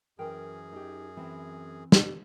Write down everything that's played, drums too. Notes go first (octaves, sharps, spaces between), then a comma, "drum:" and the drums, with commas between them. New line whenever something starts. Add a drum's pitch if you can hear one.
F#2 E3 G#4 A#4 G5
D#4 G4
E3 C4
drum: snare